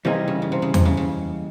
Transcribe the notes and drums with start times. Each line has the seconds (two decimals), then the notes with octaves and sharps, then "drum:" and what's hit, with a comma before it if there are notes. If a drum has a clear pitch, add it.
0.05 C3 E3 G3 A#3 D#4 G#4
0.28 C#3
0.42 C#3
0.52 C3
0.62 C#3
0.74 C3, drum: tom E2
0.85 C#3
0.97 C#3